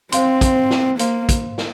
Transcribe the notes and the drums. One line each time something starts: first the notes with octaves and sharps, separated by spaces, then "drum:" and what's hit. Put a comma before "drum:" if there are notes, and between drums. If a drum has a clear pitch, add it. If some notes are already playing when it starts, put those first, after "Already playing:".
C4 C5 F5 C6, drum: hi-hat
drum: kick, hi-hat
drum: snare
A#3 C5 F5 C6, drum: hi-hat
drum: kick, hi-hat
drum: snare